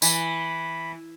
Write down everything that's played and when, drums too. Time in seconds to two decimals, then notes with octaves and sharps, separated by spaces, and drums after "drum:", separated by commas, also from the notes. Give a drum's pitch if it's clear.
0.02 E3 B5, drum: tambourine